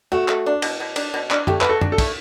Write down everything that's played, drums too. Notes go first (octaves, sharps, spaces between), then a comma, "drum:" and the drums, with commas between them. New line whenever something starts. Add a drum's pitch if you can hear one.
A3 F#4
A3, drum: clap
D4
B2, drum: cymbal
B2
D4, drum: cymbal
B2
D4, drum: clap
A3 G4, drum: tom F#2
F#4 B4, drum: clap
A4
D4, drum: tom F#2
A4
A3, drum: kick, cymbal